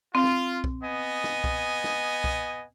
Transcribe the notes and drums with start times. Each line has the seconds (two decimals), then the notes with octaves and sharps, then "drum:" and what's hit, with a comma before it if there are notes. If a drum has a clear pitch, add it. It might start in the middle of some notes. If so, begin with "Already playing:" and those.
0.15 C4 F4
0.24 drum: snare
0.64 drum: kick B1
0.84 B3 D#5 G#5
1.24 drum: snare
1.44 drum: kick B1
1.84 drum: snare
2.24 drum: kick B1